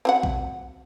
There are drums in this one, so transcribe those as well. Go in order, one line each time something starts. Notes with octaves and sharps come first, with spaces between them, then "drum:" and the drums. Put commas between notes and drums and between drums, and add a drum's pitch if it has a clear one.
C4 F#4 F#5
drum: kick A#1